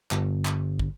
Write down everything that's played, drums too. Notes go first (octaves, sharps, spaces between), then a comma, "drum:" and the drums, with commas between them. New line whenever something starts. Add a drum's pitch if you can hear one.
G1, drum: clap
drum: clap
drum: kick